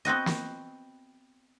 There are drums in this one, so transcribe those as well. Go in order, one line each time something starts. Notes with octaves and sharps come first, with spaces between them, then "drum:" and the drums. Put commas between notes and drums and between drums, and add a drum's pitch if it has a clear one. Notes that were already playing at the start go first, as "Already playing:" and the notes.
B3 C4 F#4 D#5
drum: snare